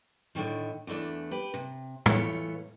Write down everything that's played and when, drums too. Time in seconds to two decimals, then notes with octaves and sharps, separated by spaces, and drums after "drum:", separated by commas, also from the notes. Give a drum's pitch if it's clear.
0.35 A2 D3 D#3 F3
0.87 E2 E3 A3 D4
1.31 G4 B4
1.54 C3
2.06 E3 A3 F4 C#5, drum: tom